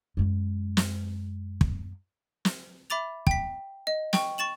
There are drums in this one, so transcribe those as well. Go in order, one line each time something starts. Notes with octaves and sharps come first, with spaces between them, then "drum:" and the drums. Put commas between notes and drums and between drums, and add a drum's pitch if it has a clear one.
F#2 G#3
drum: snare
drum: kick
drum: snare
E5 B5 D6 A6 F7
G5 B6, drum: kick
D#5
G5 C#6, drum: snare
C#6 A6 E7 F#7